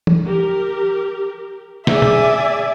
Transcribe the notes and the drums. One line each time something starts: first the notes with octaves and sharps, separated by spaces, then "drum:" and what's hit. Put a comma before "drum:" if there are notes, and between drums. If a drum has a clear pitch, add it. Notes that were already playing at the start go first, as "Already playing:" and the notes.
drum: tom
G4 A#4
G#4 D5 E5 G#5, drum: snare
drum: tom